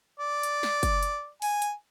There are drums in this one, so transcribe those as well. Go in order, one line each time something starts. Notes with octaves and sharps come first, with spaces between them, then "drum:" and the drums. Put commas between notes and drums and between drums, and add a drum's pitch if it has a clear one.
D5
drum: hi-hat
drum: snare
drum: kick F#1, hi-hat
drum: hi-hat
G#5, drum: open hi-hat
drum: hi-hat